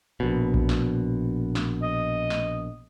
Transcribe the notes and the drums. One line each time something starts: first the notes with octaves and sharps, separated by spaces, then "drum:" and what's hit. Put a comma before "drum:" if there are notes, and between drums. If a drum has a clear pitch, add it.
A#1 B2
drum: kick A#1
drum: snare
drum: snare
D#5
drum: snare